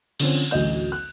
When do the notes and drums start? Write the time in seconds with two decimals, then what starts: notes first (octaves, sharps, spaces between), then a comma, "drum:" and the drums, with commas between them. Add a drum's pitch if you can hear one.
0.20 D3 F3 C4 C#4 C5, drum: cymbal
0.51 A1 D2 F#3 D#5 G6
0.92 F#6